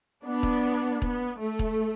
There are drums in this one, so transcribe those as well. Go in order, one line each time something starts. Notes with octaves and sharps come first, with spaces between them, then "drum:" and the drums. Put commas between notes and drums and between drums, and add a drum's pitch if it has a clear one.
B3 D4
drum: kick
B3, drum: kick
A3
drum: kick